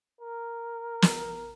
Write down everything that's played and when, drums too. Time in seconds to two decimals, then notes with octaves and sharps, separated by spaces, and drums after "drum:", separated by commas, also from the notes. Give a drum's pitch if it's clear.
0.21 A#4
1.02 drum: snare